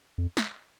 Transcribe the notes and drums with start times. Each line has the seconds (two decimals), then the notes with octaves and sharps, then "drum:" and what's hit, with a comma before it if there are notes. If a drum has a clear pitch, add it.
0.18 F2
0.37 drum: snare